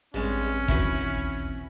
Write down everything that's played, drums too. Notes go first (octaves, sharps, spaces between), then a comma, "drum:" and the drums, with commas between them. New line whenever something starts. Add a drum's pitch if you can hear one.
A1 G2 G#3 C4 C#4
D#1 D2 D#3 E4 F#4 B4, drum: kick